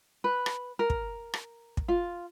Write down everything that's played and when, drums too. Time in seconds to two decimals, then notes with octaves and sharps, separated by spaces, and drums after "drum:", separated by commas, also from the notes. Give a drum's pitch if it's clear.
0.24 B4
0.46 drum: rim click
0.79 A#4
0.90 drum: kick
1.34 drum: rim click
1.77 drum: kick
1.88 F4